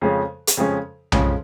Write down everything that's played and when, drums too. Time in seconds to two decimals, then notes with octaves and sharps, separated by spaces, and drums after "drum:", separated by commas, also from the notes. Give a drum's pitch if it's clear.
0.01 F2 C#3 F3 G#3 C#4
0.47 drum: hi-hat
0.57 F2 C#3 F3 G#3 C#4
1.12 F2 C#3 F3 G#3 C#4, drum: tom B1